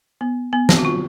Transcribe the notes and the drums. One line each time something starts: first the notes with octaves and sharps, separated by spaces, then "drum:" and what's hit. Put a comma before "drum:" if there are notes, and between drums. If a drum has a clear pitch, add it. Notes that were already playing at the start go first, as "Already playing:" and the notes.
B3
B3
C4, drum: snare
F#4
F4